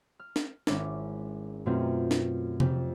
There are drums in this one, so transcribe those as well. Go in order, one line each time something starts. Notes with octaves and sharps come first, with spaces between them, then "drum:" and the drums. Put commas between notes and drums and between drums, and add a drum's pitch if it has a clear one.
F6
drum: snare
G#1 C#4 E4 D6, drum: snare
F#2 B2 A3 C4 D#4 F4
drum: snare
F2 G4, drum: tom C3